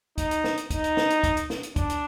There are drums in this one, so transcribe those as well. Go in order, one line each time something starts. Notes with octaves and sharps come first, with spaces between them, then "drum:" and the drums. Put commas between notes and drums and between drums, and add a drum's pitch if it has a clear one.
D#4, drum: kick, hi-hat
drum: hi-hat
drum: snare
drum: hi-hat
D#4, drum: kick, hi-hat
drum: hi-hat
drum: snare
drum: hi-hat
drum: kick, hi-hat
drum: hi-hat
drum: snare
drum: hi-hat
D4, drum: kick, hi-hat
drum: hi-hat